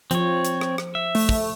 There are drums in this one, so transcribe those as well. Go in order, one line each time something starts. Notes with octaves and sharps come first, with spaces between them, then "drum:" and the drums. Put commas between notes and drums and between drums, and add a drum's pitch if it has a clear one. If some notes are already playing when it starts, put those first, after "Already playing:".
F3 C4 C#5, drum: hi-hat
drum: hi-hat
drum: rim click
drum: rim click
E5
A3, drum: open hi-hat
drum: kick